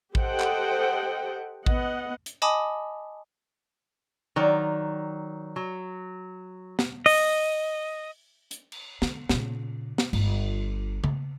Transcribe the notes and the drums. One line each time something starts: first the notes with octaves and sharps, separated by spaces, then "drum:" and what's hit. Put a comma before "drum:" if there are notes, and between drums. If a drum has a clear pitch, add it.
G4 A4 C5 D#5 F#5 G5, drum: kick A1
drum: clap
B3 D#5 F#5, drum: kick A1
drum: hi-hat
D#5 G#5 A5 B5 D6 D#6
D#3 F#3 D5
F#3
drum: snare
D#5, drum: open hi-hat
drum: hi-hat
drum: cymbal
D3, drum: snare
A#2 C#3, drum: snare
drum: snare
G1 F4, drum: cymbal
B3, drum: tom C#3